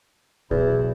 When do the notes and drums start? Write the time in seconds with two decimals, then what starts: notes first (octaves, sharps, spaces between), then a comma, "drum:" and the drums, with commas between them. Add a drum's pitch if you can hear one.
0.51 B1 E2 E4, drum: kick